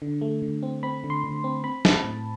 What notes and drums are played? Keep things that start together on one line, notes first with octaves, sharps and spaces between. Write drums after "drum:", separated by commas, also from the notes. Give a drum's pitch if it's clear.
D3
A3
D3
C4
C4 B5
D3
C6
D3
C4
C4 B5
C4, drum: snare
A5
A2